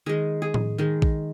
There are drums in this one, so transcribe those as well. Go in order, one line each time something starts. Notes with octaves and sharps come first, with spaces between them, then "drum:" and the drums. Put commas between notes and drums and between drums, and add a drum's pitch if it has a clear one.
D#3 G#3 G#4
G#4
drum: tom A2
D#3 G#3
drum: kick A#1